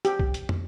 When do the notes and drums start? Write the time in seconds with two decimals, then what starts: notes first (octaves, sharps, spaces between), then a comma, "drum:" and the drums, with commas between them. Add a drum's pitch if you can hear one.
0.05 G4, drum: hi-hat
0.19 drum: kick B1
0.34 drum: hi-hat
0.49 drum: tom